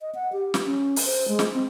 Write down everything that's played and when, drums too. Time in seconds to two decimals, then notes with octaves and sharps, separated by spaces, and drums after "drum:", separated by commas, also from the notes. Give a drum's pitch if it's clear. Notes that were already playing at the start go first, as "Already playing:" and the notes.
0.01 D#5
0.15 F#5
0.33 G4
0.54 drum: snare
0.66 C#4
0.96 drum: open hi-hat
1.05 C5
1.28 G#3
1.39 drum: snare
1.54 C4